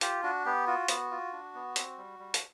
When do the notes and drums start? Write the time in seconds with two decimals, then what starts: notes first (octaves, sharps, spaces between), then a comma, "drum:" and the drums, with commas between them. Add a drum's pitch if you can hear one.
0.01 F4 G4, drum: hi-hat
0.23 D4 F#4
0.45 B3 G4
0.67 F4 F#4
0.88 B3, drum: hi-hat
1.11 F4
1.32 D4
1.54 B3
1.76 C4, drum: hi-hat
1.97 G3
2.19 G3
2.34 drum: hi-hat